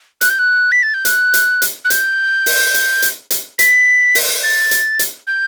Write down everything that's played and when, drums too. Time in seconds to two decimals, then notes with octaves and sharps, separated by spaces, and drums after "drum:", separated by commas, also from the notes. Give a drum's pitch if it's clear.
0.21 F#6, drum: hi-hat
0.30 G6
0.39 F#6
0.72 B6
0.83 A6
0.94 G6
1.05 F#6, drum: hi-hat
1.34 drum: hi-hat
1.62 drum: hi-hat
1.85 F#6
1.90 G6, drum: hi-hat
2.46 drum: open hi-hat
2.74 drum: hi-hat
3.02 drum: hi-hat
3.30 drum: hi-hat
3.59 B6, drum: hi-hat
4.15 drum: open hi-hat
4.43 A6
4.71 drum: hi-hat
4.99 drum: hi-hat
5.27 G6